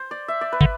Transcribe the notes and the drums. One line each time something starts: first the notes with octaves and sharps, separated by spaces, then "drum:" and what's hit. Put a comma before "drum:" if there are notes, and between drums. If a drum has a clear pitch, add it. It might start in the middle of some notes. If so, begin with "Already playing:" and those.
Already playing: C5
D5
E5
D5
B4
D3, drum: kick